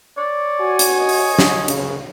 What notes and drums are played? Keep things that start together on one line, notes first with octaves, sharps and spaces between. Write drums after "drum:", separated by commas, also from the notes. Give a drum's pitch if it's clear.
C#5 D5
F#4 G#5
drum: hi-hat
D#5
drum: open hi-hat
drum: snare
C#3, drum: hi-hat